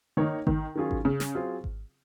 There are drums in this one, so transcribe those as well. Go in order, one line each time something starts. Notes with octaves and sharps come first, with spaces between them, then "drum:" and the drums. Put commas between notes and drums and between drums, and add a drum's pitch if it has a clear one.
D#3 A#3 D#4 A#4 C#5
D#3, drum: kick G#1
D#3 F#3 C#4 F4 G#4
drum: kick G#1
C#3
drum: snare
F#3 C4 F4 G#4 C5
drum: kick G#1